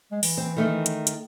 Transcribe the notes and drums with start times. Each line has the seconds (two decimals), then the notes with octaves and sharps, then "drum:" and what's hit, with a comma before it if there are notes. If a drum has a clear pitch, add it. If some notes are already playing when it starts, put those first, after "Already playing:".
0.12 G#3
0.23 E3, drum: open hi-hat
0.37 C4
0.57 D#3 A3 D#4
0.86 drum: hi-hat
1.07 drum: hi-hat